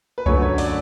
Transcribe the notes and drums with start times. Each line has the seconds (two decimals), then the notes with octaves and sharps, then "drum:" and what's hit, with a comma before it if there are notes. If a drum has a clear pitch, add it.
0.18 B4
0.26 F#2 D3 F#3 A3 C#5, drum: kick C2
0.42 C#5
0.58 D5, drum: open hi-hat